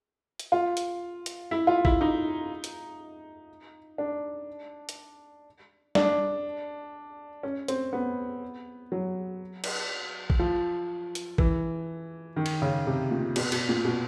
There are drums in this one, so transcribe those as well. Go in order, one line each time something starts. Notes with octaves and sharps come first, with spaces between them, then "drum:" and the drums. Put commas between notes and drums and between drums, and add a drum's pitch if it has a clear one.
drum: hi-hat
F4
drum: hi-hat
drum: hi-hat
E4
F4
E4, drum: kick A1
D#4
drum: hi-hat
D4
drum: hi-hat
D4, drum: snare
C#4
C4, drum: hi-hat
B3
F#3
drum: cymbal
drum: kick A1
F3
drum: hi-hat
E3, drum: kick A1
D#3
drum: cymbal
C#3
C3
A#2
B2, drum: cymbal
B2, drum: cymbal
A#2
B2